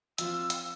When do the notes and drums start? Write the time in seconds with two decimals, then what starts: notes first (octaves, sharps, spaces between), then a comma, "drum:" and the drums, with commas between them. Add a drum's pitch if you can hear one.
0.18 F3 C4 F4 E6, drum: hi-hat
0.50 drum: hi-hat